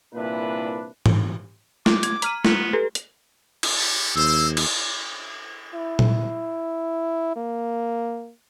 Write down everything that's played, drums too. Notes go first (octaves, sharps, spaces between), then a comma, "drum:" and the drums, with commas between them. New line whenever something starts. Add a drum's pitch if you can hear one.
C2 A#2 E3 D4 E4 B4
drum: tom G#2
D6, drum: snare
G#6, drum: hi-hat
A#5 F6 D#7, drum: hi-hat
B3, drum: snare
G4 A4 B4
drum: hi-hat
drum: cymbal
G4 A4
D#2 C5 E6
drum: cymbal
E4
drum: tom A#2
A#3